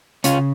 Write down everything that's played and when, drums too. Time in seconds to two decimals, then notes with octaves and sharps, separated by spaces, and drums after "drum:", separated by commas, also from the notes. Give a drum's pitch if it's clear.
0.24 C#3 C#4 F4, drum: hi-hat